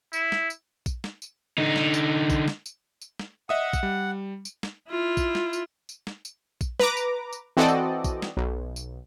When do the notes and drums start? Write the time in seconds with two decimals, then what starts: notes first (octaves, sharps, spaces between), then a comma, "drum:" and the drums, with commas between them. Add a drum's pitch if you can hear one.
0.13 E4, drum: tambourine
0.32 drum: snare
0.50 drum: tambourine
0.86 drum: kick A#1, tambourine
1.04 drum: snare
1.22 drum: tambourine
1.58 D3 D#4
1.76 drum: snare
1.94 drum: tambourine
2.30 drum: kick A#1, tambourine
2.48 drum: snare
2.66 drum: tambourine
3.02 drum: tambourine
3.19 drum: snare
3.49 D#5 E5 F#5 D#6
3.73 drum: kick A#1, tambourine
3.83 G3
4.45 drum: tambourine
4.63 drum: snare
4.89 E4 F4
5.17 drum: kick A#1, tambourine
5.35 drum: snare
5.53 drum: tambourine
5.89 drum: tambourine
6.07 drum: snare
6.25 drum: tambourine
6.61 drum: kick A#1, tambourine
6.80 B4 A#5 D6, drum: snare
6.97 drum: tambourine
7.33 drum: tambourine
7.57 E3 C4 F#4 A4 D5 D#5
7.69 drum: tambourine
8.04 drum: kick A#1, tambourine
8.22 drum: snare
8.37 B1
8.76 drum: tambourine